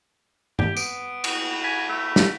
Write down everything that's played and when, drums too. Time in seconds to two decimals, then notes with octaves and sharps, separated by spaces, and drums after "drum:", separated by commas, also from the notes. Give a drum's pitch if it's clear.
0.59 G4, drum: tom G2
0.77 B3 D7, drum: tambourine
1.24 drum: cymbal
1.64 G#5 B6
1.89 A3
2.16 drum: snare